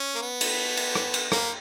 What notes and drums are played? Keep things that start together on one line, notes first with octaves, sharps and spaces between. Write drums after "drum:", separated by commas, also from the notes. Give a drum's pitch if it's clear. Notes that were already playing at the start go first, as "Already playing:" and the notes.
Already playing: C#4
A#3
B3
drum: cymbal
drum: cymbal
drum: rim click
drum: cymbal
A#3, drum: rim click